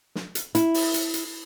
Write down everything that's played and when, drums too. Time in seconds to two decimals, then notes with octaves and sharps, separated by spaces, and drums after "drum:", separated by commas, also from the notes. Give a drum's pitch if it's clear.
0.15 drum: snare
0.35 drum: hi-hat
0.55 E4, drum: hi-hat
0.74 drum: open hi-hat
0.94 drum: hi-hat
1.14 drum: hi-hat